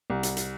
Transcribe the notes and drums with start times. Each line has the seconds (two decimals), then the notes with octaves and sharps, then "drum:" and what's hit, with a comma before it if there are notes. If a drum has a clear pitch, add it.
0.10 C2
0.23 drum: hi-hat
0.37 drum: hi-hat